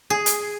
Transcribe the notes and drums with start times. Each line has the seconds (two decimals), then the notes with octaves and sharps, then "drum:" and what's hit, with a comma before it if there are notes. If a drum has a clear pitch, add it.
0.10 G#4
0.26 drum: hi-hat